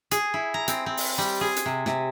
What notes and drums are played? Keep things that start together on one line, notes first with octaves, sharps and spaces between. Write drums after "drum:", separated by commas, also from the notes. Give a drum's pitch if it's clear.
G#4, drum: hi-hat
E4
A#5
C4, drum: hi-hat
C4
drum: open hi-hat
G3
G#4
drum: hi-hat
C3
C3, drum: snare